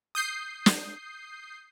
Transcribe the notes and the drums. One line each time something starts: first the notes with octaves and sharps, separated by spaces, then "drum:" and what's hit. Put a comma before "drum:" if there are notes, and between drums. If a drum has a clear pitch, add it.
D#6 G6 C7
drum: snare